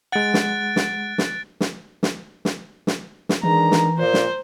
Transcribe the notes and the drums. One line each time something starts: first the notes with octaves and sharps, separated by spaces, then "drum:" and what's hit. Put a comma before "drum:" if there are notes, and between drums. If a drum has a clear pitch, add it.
G#3 F#5 F#6 A6 D7
drum: snare
drum: snare
drum: snare
drum: snare
drum: snare
drum: snare
drum: snare
drum: snare
D#3 E3 G#3 D4 A#5
drum: snare
A#2 C5
drum: snare